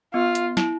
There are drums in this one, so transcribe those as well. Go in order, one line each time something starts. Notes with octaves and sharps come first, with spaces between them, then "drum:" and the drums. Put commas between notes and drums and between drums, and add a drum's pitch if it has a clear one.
B3 F4
drum: hi-hat
E4, drum: snare